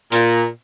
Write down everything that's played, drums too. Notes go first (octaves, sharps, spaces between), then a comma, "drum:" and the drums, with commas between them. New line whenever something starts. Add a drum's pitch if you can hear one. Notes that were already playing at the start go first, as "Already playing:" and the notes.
A#2, drum: hi-hat